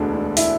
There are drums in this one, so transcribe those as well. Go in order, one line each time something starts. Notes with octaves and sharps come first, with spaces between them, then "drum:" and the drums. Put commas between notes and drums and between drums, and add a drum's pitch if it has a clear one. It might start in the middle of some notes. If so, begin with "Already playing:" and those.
Already playing: E1 D2 D3 G#3 D4
D4
E4, drum: open hi-hat